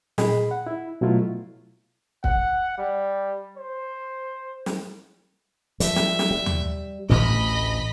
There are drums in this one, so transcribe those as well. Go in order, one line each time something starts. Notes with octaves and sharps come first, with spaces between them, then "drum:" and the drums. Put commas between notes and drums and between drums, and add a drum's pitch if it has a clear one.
A#2 G#4 D#5 B5, drum: snare
F#5
E4
B2 F#3 A3 E4 F4
F#5, drum: kick
G3
C5
drum: snare
F3 G3 E5, drum: hi-hat
drum: snare
drum: snare
G3
drum: tom D#2
A1 D2 A2 D#5 B5